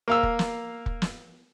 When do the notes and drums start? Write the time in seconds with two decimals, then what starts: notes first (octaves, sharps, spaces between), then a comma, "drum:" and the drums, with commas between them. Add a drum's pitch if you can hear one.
0.08 A#3 F5 E6
0.23 drum: kick
0.39 drum: snare
0.86 drum: kick
1.02 drum: snare